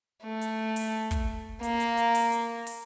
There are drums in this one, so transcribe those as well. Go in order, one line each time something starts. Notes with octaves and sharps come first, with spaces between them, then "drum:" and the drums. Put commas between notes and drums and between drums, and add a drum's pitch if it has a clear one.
A3
drum: hi-hat
drum: open hi-hat
drum: kick, hi-hat
A#3, drum: hi-hat
drum: hi-hat
drum: hi-hat
drum: open hi-hat
drum: hi-hat
drum: open hi-hat